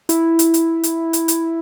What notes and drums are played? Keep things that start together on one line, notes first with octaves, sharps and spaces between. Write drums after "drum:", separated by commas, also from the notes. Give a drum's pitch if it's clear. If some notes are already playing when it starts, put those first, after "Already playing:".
E4, drum: hi-hat
drum: hi-hat
drum: hi-hat
drum: hi-hat
drum: hi-hat
drum: hi-hat